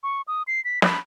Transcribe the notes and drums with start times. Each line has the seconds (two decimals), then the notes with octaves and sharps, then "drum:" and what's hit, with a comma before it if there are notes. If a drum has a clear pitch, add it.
0.03 C#6
0.28 D#6
0.47 C7
0.65 B6
0.82 B5, drum: snare